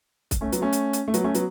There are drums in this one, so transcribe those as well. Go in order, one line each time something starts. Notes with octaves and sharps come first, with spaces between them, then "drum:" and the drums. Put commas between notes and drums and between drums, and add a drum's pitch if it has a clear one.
drum: kick, hi-hat
A3 C#4
F#3 B3, drum: hi-hat
A3 C#4
drum: hi-hat
drum: hi-hat
A3
F#3 B3, drum: hi-hat
A3 C#4
F#3 B3, drum: hi-hat